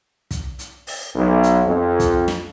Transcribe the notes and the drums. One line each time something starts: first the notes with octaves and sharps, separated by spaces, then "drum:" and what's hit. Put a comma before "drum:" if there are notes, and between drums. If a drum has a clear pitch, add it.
drum: kick, hi-hat
drum: hi-hat
drum: open hi-hat
B1
drum: hi-hat
F2
drum: kick, hi-hat
drum: snare